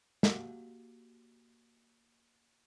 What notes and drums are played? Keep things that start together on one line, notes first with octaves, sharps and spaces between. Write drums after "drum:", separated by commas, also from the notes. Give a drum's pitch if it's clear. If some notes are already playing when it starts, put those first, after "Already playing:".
A#3 F#4 G4 F5 F#5, drum: snare